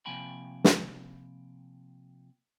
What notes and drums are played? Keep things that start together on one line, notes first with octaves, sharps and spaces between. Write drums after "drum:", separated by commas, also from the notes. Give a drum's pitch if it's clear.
C3 F3 A#3 G5 G#5 B5
drum: snare